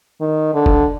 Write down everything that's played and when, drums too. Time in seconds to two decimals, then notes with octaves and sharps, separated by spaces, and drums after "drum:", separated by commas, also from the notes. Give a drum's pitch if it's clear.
0.21 D#3
0.54 D3
0.66 drum: kick F#1